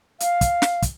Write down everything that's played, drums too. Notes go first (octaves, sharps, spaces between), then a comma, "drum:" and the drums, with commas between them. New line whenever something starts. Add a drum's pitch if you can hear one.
F5, drum: hi-hat
drum: kick, hi-hat
drum: snare
drum: kick, hi-hat